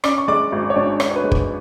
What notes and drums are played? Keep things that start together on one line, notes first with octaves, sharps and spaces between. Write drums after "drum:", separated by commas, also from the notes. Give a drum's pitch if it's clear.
C#4 D5 D6, drum: rim click
C#6
G#3 D5 D6
G#1
C#5
G#2 D4 D5
D4 C#5, drum: rim click
C#5
B4
G#3
B4, drum: kick